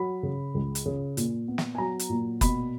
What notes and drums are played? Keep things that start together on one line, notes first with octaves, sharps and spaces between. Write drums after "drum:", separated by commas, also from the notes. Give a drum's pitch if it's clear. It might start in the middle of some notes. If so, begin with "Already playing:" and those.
Already playing: F#3 B5
C#3
C#2
drum: hi-hat
C#3
A#2, drum: hi-hat
B3
drum: snare
G#5
F#3 A#5
drum: hi-hat
A#2
B2 B5, drum: kick F#1, hi-hat